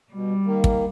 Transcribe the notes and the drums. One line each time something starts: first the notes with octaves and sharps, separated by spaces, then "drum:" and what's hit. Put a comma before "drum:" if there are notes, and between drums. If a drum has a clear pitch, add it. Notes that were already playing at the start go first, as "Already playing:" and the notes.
B2 G3
D#3 A#3
drum: kick